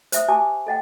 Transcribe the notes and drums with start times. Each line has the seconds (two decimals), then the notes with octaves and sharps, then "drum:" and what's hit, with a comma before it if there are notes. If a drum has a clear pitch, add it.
0.12 C5 E5 D#6, drum: hi-hat
0.28 G4 G#5 A5 D6 D#6
0.67 A4 D#5 F#5 G5